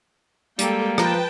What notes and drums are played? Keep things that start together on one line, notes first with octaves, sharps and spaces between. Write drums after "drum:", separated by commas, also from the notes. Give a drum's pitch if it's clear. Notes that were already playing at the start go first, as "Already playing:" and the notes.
G3 G#3 A#3 A4 G5, drum: hi-hat
F3 B4 G5 A5 A#5, drum: rim click